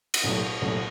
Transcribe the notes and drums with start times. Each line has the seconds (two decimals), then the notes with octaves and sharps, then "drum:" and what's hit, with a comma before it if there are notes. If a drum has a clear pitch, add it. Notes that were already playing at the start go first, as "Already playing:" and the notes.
0.14 drum: cymbal
0.24 C2 A#2 F#3 A3
0.61 C2 A#2 F#3 A3